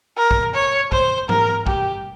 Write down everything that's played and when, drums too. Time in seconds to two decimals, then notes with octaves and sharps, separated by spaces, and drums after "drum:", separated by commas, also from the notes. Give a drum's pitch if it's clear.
0.17 A#4
0.31 drum: kick A#1
0.54 C#5
0.92 C5, drum: kick A#1
1.29 A#4, drum: tom
1.67 G4, drum: kick A#1